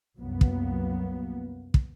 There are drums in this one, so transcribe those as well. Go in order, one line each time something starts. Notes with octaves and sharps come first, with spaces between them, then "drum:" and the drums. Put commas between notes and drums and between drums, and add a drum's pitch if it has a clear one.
C2 F#2 F#3 A#3 B3
drum: kick
drum: kick